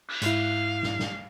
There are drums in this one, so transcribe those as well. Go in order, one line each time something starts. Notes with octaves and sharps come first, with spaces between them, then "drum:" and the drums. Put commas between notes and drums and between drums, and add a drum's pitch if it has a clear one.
drum: cymbal
G#2 E4 F5, drum: hi-hat
drum: snare
drum: snare